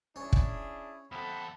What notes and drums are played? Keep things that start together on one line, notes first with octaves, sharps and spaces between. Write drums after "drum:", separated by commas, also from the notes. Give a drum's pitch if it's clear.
C#4 D4 E4 G#4
drum: kick
E2 C4 G4 A4 F#5 B5